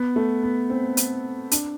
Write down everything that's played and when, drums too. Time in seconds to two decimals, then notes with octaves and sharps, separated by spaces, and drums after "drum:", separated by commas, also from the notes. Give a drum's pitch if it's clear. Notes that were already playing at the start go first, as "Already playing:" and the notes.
Already playing: B3
0.16 A3
0.43 B3
0.70 C4
0.97 drum: hi-hat
1.51 D4, drum: hi-hat